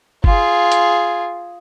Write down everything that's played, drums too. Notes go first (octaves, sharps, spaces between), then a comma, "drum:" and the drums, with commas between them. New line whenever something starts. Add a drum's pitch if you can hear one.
F4 G#4, drum: kick G1
drum: hi-hat